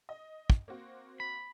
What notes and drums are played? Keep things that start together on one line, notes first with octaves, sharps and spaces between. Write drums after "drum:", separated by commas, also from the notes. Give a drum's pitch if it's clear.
D#5
drum: kick
A#3 C4 F#4
B5